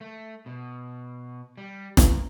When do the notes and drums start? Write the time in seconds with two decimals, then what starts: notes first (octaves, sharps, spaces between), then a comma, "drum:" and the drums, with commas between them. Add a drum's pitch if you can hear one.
0.01 A3
0.46 B2
1.57 G3
1.97 F#2, drum: snare